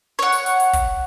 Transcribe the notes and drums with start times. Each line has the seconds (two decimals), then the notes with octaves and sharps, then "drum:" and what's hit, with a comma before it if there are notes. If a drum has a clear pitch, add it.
0.19 C#5 F#5
0.32 drum: hi-hat
0.46 drum: hi-hat
0.60 drum: hi-hat
0.73 drum: kick, hi-hat